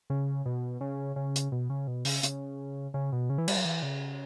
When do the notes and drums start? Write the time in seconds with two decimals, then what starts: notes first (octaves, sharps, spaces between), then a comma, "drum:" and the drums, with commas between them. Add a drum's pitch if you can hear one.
0.10 C#3
0.46 B2
0.81 C#3
1.16 C#3
1.36 drum: hi-hat
1.52 B2
1.70 C#3
1.87 B2
2.05 C#3, drum: open hi-hat
2.23 C#3, drum: hi-hat
2.94 C#3
3.12 B2
3.30 C#3
3.38 E3
3.48 G3, drum: cymbal
3.57 F#3
3.65 E3
3.83 C#3